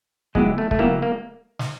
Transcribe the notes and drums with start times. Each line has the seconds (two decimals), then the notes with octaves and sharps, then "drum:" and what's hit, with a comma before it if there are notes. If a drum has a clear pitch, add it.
0.35 C#3 F#3 G#3 B3 E4 G4, drum: kick
0.58 A3
0.71 A3, drum: kick
0.79 C#3 F#3 A#3 B3 E4 G4
1.02 A#3
1.59 drum: snare